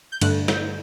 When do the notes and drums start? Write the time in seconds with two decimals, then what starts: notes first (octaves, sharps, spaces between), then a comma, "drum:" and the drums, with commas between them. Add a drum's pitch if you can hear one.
0.12 G6
0.21 G2 D3 A3 F#6, drum: cymbal
0.48 G6, drum: snare